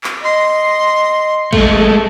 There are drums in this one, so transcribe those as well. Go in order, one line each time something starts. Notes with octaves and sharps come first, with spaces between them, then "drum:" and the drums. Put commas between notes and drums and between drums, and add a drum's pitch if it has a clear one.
drum: clap
D#5 C6
G#3 A3 A4, drum: kick